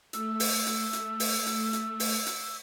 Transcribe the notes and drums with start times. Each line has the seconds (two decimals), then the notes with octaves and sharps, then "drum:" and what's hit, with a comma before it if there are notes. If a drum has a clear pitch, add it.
0.13 A3 E6, drum: hi-hat
0.40 drum: open hi-hat
0.66 drum: hi-hat
0.93 drum: hi-hat
1.20 drum: open hi-hat
1.46 drum: hi-hat
1.73 drum: hi-hat
2.00 drum: open hi-hat
2.26 drum: hi-hat